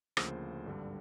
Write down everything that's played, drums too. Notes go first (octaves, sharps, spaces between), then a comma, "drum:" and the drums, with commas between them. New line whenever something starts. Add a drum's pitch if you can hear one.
D2 C#3 F3 A#3 C5, drum: rim click
G#1 G2 D3 G3